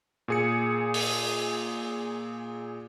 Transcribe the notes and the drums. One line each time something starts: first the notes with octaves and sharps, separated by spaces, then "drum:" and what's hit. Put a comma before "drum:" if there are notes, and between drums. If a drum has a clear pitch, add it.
A#2 G#4 C#7
drum: open hi-hat